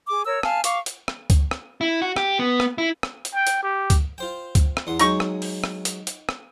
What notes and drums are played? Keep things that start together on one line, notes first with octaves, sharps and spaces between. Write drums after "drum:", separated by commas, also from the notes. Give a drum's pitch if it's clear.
G#4 D6
A#4 C#5 E6
F5 G#5 A5 F6, drum: rim click
F5 C#6 D6, drum: hi-hat
drum: hi-hat
drum: rim click
drum: kick C#2, hi-hat
drum: rim click
E4
F#4
G4, drum: rim click
B3
drum: rim click
E4
drum: rim click
drum: hi-hat
G5
drum: hi-hat
G4
drum: kick C#2, hi-hat
F4 C5 G5
drum: kick C#2, hi-hat
drum: rim click
E2 F#5 C6
F#3 G#3 D#4 C#6, drum: hi-hat
drum: rim click
drum: open hi-hat
drum: rim click
drum: hi-hat
drum: hi-hat
drum: rim click